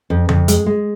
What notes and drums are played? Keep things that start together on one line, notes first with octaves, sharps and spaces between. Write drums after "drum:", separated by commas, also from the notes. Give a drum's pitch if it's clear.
F2
F2, drum: tom C#3
G#3, drum: hi-hat
G#3